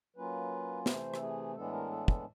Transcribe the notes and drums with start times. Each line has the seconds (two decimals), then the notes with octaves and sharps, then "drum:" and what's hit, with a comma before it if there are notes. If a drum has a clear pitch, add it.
0.16 F#3 A#3 C#4 F4 B4
0.86 C3 E3 A3 C5, drum: snare
1.14 A4, drum: rim click
1.21 G#4
1.56 A2 E3 G#3 B3 D4 A4
1.73 A#4
1.91 A4
2.08 A4, drum: kick